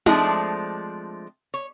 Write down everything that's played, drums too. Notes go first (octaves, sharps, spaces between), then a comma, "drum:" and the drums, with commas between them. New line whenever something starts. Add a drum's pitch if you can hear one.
F3 G#3 A3 C4 D4, drum: tom D#4
C#5